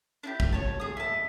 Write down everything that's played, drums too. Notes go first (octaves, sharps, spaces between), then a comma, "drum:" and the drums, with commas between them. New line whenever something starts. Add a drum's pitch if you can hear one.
D4 E4 G4
drum: kick
C#5 A5
G#4 D#6
E4 D#5 A5